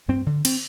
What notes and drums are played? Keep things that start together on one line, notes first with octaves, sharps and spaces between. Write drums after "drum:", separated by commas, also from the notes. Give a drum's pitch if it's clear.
G2 C4
D3
C4, drum: cymbal